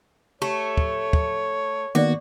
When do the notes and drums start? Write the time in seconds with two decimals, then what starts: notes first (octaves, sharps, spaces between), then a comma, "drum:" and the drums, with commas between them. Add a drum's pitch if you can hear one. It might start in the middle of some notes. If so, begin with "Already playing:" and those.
0.42 A3 G4 C#5
0.77 drum: kick
1.13 drum: kick
1.95 D#3 A#3 B3 F#4 D5 D6